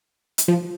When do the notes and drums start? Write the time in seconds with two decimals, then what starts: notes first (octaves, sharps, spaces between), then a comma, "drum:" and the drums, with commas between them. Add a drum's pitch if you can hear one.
0.38 drum: hi-hat
0.48 F3